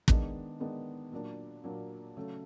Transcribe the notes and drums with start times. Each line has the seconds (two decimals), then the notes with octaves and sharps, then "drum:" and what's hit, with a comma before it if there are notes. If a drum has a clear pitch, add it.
0.08 D#3 G#3 B3 D4, drum: kick
0.60 D#3 G#3 B3 D4
1.12 A#2 F#3 A#3 D4
1.64 A#2 F#3 A#3 D4
2.16 C#3 F#3 A3